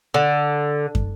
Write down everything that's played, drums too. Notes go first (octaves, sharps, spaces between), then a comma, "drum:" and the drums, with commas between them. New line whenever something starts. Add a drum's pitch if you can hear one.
D3
drum: kick